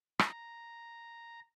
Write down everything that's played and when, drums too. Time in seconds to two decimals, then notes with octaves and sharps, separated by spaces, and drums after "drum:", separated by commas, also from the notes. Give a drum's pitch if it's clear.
0.19 A#5, drum: rim click